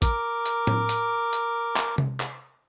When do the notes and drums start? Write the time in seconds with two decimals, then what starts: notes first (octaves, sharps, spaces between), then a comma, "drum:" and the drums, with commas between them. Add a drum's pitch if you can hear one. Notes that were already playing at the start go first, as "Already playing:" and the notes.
0.02 A#4 D6, drum: kick A1, hi-hat
0.45 drum: hi-hat
0.67 drum: tom A2
0.89 drum: hi-hat
1.33 drum: hi-hat
1.76 drum: clap
1.98 drum: tom C3
2.20 drum: clap